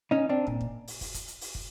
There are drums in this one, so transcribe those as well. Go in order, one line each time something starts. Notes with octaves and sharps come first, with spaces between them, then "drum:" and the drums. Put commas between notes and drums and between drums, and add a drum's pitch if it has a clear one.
C#4 D#4
C4 D4
A#2, drum: kick
drum: kick
drum: open hi-hat
drum: kick, open hi-hat
drum: kick, hi-hat
drum: hi-hat
drum: open hi-hat
drum: kick